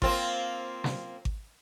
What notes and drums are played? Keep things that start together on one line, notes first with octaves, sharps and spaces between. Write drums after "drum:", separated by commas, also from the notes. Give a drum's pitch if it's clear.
A#3 C4 F4, drum: kick G#1
drum: snare
drum: kick G#1